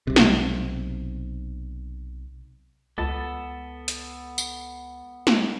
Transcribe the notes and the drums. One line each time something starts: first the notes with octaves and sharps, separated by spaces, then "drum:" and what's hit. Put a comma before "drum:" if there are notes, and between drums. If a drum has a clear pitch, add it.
B1 C3
drum: snare
C#2 B3 A4 A5
drum: hi-hat
drum: tambourine
drum: snare